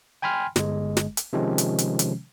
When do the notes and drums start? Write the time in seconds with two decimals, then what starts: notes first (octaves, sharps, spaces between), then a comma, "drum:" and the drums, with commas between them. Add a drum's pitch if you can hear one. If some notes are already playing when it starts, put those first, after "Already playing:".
0.22 G5 G#5 B5 C6 F6
0.56 G1 G#3, drum: snare
0.97 drum: snare
1.17 drum: hi-hat
1.33 C3 D#3 F3 G#3 C#4
1.58 drum: hi-hat
1.78 drum: hi-hat
1.99 drum: hi-hat